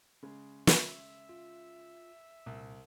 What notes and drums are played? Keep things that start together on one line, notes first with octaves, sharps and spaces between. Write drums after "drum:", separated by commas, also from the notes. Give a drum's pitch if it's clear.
C#3 G#3
E5, drum: snare
F4
C2 A#2